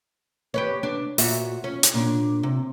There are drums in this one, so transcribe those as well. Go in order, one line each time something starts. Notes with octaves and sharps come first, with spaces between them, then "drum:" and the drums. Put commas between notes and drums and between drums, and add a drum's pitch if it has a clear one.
G4 B4 C#5
D4
A#2 F#4 E5, drum: open hi-hat
C#4
drum: hi-hat
A#2 D4
C3